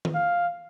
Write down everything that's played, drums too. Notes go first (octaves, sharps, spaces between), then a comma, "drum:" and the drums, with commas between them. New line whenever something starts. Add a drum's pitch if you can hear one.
drum: tom D#3
F5